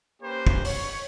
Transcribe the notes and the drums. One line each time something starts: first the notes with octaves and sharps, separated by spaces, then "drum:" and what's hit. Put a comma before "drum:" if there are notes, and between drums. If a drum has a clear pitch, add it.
A#3 C#4 G4 B4 C5
drum: kick
C#5, drum: open hi-hat